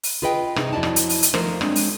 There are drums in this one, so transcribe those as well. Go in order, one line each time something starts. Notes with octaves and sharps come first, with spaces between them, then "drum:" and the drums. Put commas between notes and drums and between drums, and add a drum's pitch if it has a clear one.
drum: open hi-hat
F4 G#4 B4 D#5 G5
C3 D#4, drum: rim click
F2 F#3 E4 D5 D#5 A5
drum: rim click
drum: hi-hat
drum: open hi-hat
drum: hi-hat
F3 A3 D#4 A#4 C5, drum: rim click
F#3 G#3 C4 D4, drum: rim click
drum: open hi-hat